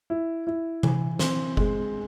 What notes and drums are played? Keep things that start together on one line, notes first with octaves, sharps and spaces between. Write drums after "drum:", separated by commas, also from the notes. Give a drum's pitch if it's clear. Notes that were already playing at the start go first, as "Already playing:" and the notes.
E4
E4
E3, drum: tom C3
C4, drum: snare
G#3, drum: kick F#1